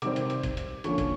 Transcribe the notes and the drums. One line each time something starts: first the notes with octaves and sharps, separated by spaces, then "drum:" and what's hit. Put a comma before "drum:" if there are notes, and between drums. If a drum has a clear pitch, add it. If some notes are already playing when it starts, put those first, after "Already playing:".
C3 D#3 G3 C4 D6, drum: hi-hat
drum: hi-hat
drum: hi-hat
drum: kick, hi-hat
drum: hi-hat
D3 F3 A#3 C#4 C#6, drum: hi-hat
drum: kick, hi-hat